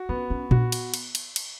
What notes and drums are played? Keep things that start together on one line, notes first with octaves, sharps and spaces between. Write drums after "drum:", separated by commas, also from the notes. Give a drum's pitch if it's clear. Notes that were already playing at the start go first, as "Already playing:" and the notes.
Already playing: F#4
B3 C#4
C#4
D4 F#4, drum: tom A#2
drum: cymbal
drum: cymbal
drum: cymbal
drum: cymbal